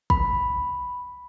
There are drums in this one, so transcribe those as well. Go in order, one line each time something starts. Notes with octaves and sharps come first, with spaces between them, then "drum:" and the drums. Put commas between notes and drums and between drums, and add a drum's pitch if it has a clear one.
B5, drum: kick